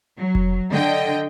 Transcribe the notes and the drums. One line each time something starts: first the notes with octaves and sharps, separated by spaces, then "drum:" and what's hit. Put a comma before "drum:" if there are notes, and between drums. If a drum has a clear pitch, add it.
F#3
drum: kick F1
D3 D#5 G5